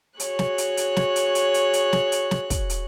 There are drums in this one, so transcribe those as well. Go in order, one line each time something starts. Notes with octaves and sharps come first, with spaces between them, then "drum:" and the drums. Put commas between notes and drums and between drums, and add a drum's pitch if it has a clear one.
F#4 G#4 C#5 F#6, drum: hi-hat
drum: snare
drum: hi-hat
drum: hi-hat
drum: snare
drum: hi-hat
drum: hi-hat
drum: hi-hat
drum: hi-hat
drum: snare
drum: hi-hat
drum: snare
drum: kick, hi-hat
drum: hi-hat